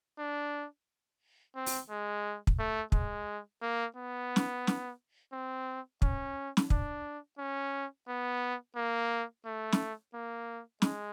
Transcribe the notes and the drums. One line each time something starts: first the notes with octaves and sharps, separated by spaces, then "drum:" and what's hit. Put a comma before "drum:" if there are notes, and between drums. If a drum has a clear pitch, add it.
D4
C4
drum: open hi-hat
G#3
drum: kick
A3
G#3, drum: kick
A#3
B3
drum: snare
drum: snare
C4
C#4, drum: kick
drum: snare
D4, drum: kick
C#4
B3
A#3
A3
drum: snare
A#3
G#3, drum: snare